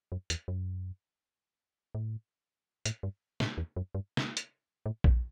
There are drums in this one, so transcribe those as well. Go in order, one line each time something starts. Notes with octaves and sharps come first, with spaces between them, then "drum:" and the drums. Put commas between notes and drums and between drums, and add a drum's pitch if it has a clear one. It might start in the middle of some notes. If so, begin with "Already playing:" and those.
F#2
E2, drum: hi-hat
F#2
A2
A2, drum: hi-hat
G2
A2, drum: snare
E2
F#2
G2
drum: snare
drum: hi-hat
A2
G2, drum: kick A#1